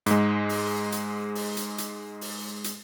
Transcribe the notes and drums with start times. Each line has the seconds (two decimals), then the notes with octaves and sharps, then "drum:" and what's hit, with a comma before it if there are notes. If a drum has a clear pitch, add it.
0.06 G#2 G#3, drum: hi-hat
0.49 drum: open hi-hat
0.92 drum: hi-hat
1.35 drum: open hi-hat
1.57 drum: hi-hat
1.78 drum: hi-hat
2.21 drum: open hi-hat
2.64 drum: hi-hat